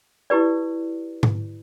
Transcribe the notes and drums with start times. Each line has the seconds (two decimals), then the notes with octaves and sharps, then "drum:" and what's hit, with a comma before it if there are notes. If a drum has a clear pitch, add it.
0.30 E4 G4 B4 D5
1.23 drum: tom G#2